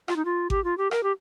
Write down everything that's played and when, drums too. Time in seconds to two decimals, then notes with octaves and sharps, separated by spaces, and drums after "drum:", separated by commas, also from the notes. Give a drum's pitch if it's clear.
0.08 F4, drum: rim click
0.16 D#4
0.25 F4
0.50 G4, drum: kick G#1
0.64 F4
0.78 G4
0.91 A#4, drum: rim click
1.03 G4